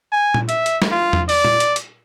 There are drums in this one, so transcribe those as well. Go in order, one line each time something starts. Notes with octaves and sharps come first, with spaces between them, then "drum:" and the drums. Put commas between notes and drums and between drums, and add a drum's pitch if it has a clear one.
G#5
drum: tom A#2
E5, drum: hi-hat
drum: hi-hat
drum: snare
F4
drum: tom E2
D5, drum: open hi-hat
drum: tom A#2
drum: hi-hat
drum: hi-hat